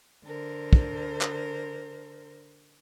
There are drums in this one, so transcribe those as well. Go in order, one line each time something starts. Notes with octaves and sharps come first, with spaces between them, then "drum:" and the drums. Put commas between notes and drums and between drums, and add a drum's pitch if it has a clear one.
D3 A#4 C5
drum: kick
drum: clap